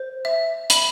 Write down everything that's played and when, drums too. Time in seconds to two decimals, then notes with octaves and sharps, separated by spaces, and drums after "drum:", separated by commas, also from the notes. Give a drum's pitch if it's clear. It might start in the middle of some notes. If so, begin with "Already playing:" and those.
Already playing: C5
0.25 E5
0.70 B5, drum: hi-hat